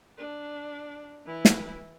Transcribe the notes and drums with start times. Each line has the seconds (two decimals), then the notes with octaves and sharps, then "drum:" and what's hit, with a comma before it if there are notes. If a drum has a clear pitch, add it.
0.18 D4
1.26 E3 E4
1.45 drum: snare